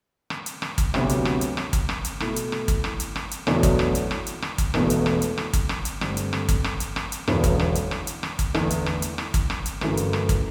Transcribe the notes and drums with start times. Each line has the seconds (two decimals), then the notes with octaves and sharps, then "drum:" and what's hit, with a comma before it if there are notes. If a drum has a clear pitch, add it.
0.30 drum: rim click
0.46 drum: hi-hat
0.62 drum: rim click
0.78 drum: kick, hi-hat
0.94 D2 C3 F#3 B3, drum: rim click
1.09 drum: hi-hat
1.25 drum: rim click
1.41 drum: hi-hat
1.57 drum: rim click
1.73 drum: kick, hi-hat
1.89 drum: rim click
2.05 drum: hi-hat
2.20 B2 A3 E4, drum: rim click
2.36 drum: hi-hat
2.52 drum: rim click
2.68 drum: kick, hi-hat
2.84 drum: rim click
3.00 drum: hi-hat
3.16 drum: rim click
3.31 drum: hi-hat
3.47 E2 B2 F#3 A3 D4, drum: rim click
3.63 drum: kick, hi-hat
3.79 drum: rim click
3.95 drum: hi-hat
4.11 drum: rim click
4.27 drum: hi-hat
4.42 drum: rim click
4.58 drum: kick, hi-hat
4.74 E1 E2 B2 A3, drum: rim click
4.90 drum: hi-hat
5.06 drum: rim click
5.22 drum: hi-hat
5.38 drum: rim click
5.53 drum: kick, hi-hat
5.69 drum: rim click
5.85 drum: hi-hat
6.01 G2 D3 A3 C4, drum: rim click
6.17 drum: hi-hat
6.33 drum: rim click
6.49 drum: kick, hi-hat
6.64 drum: rim click
6.80 drum: hi-hat
6.96 drum: rim click
7.12 drum: hi-hat
7.28 E1 E2 D3 F#3 B3, drum: rim click
7.44 drum: kick, hi-hat
7.59 drum: rim click
7.75 drum: hi-hat
7.91 drum: rim click
8.07 drum: hi-hat
8.23 drum: rim click
8.39 drum: kick, hi-hat
8.55 E2 D3 A3, drum: rim click
8.70 drum: hi-hat
8.86 drum: rim click
9.02 drum: hi-hat
9.18 drum: rim click
9.34 drum: kick, hi-hat
9.50 drum: rim click
9.66 drum: hi-hat
9.81 G1 F#2 E3 A3 E4, drum: rim click
9.97 drum: hi-hat
10.13 drum: rim click
10.29 drum: kick, hi-hat